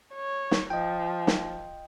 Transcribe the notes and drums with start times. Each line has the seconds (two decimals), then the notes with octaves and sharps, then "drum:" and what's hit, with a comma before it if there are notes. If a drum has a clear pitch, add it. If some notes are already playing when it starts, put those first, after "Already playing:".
0.14 C#5
0.51 drum: snare
0.70 F3 D#5 G5
1.27 drum: snare